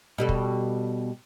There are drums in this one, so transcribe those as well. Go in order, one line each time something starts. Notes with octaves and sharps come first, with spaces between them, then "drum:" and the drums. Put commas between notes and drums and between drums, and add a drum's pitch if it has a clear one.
B2 G3 A4
drum: kick